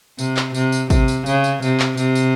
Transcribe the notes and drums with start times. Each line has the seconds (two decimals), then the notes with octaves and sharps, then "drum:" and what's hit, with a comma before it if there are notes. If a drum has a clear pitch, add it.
0.19 C3, drum: tambourine
0.37 drum: clap
0.54 C3, drum: tambourine
0.72 drum: tambourine
0.90 C3, drum: kick, tambourine
1.08 drum: tambourine
1.26 C#3, drum: tambourine
1.44 drum: tambourine
1.62 C3, drum: tambourine
1.80 drum: clap
1.97 C3, drum: tambourine
2.15 drum: tambourine